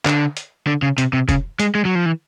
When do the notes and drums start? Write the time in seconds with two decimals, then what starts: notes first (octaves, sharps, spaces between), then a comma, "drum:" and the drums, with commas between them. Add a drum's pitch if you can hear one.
0.06 D3, drum: clap
0.37 drum: hi-hat
0.67 D3
0.82 C#3
0.98 C3, drum: hi-hat
1.13 C3
1.29 C#3, drum: kick F1, hi-hat
1.59 G#3, drum: hi-hat
1.75 G#3
1.85 F#3
1.95 F3
2.06 E3